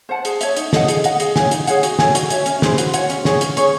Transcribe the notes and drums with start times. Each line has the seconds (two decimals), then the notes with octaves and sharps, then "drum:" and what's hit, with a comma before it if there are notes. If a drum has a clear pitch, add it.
0.09 C5 F#5 A5
0.25 G#4, drum: hi-hat
0.41 C#5 E5, drum: hi-hat
0.57 D#4, drum: hi-hat
0.73 A4 D#5 F#5, drum: snare
0.88 G#4, drum: hi-hat
1.04 D#5 F#5, drum: hi-hat
1.20 G#4, drum: hi-hat
1.36 C#5 G#5, drum: snare
1.51 D#4, drum: hi-hat
1.67 G#4 C#5 F#5, drum: hi-hat
1.83 F#4, drum: hi-hat
1.99 A4 C#5 G#5, drum: snare
2.15 F#4, drum: hi-hat
2.30 C#5 E5, drum: hi-hat
2.46 C#4, drum: hi-hat
2.62 E4 G#4 C5, drum: snare
2.78 F#4, drum: hi-hat
2.94 C#5 F#5, drum: hi-hat
3.10 C#4, drum: hi-hat
3.25 G#4 C#5, drum: snare
3.41 C#4, drum: hi-hat
3.57 G#4 C#5, drum: hi-hat